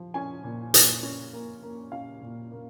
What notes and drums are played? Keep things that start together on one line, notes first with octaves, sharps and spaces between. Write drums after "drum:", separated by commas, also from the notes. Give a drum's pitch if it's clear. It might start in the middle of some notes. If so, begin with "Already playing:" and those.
Already playing: F3
C#4 G#5
A#2
A#2, drum: hi-hat
C#4
A#3
A#3
C#4 F5
A#2
A#3